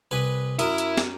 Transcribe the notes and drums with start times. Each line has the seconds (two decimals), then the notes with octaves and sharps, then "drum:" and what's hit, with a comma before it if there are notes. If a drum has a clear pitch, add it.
0.11 C2 B4 G#5
0.59 F#2 E4 A#4 D#6, drum: hi-hat
0.78 drum: hi-hat
0.98 drum: snare